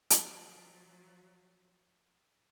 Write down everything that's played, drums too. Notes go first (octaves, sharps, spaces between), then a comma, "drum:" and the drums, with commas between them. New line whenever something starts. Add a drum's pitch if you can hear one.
F3 F#3, drum: hi-hat